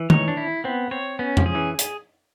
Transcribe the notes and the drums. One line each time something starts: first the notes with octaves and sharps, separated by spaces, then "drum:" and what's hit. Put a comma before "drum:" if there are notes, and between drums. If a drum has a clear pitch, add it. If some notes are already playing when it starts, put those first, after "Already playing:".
Already playing: E3
D#4 C#5, drum: tom
D4
E4
B3 C4
C4 C#5
B3 C#4
F3, drum: tom F2
G#4
E3
drum: hi-hat